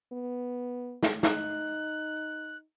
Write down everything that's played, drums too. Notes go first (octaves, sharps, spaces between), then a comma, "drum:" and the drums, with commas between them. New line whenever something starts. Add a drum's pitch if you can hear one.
B3
drum: snare
D#4 F#6, drum: snare